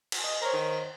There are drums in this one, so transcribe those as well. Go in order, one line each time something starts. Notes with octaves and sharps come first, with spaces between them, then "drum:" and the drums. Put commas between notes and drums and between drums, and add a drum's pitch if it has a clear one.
drum: cymbal
D#5
A#4 C5 C#5
D#3